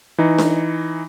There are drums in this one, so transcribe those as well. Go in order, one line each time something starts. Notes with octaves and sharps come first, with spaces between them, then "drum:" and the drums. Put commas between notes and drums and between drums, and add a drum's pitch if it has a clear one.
E3 D#4
drum: snare D4